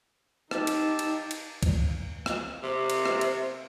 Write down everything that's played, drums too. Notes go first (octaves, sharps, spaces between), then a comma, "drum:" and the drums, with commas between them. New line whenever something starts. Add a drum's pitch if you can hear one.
D#4 G4 A5 E6, drum: rim click
drum: cymbal
drum: cymbal
drum: cymbal
drum: kick, cymbal
drum: rim click
C3
drum: cymbal
drum: rim click
drum: cymbal